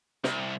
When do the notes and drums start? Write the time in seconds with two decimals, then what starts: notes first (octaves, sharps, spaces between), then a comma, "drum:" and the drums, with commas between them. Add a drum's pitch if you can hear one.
0.24 C2, drum: snare